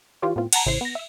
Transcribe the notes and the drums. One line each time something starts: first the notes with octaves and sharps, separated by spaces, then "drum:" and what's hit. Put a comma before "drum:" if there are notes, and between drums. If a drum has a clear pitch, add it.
E3 F4 G4 C#5
A2 B3 C4 F4
F#5 A5 A#5, drum: cymbal
A1 C#3 E4 C5 C7
B3 A#6
E5 E6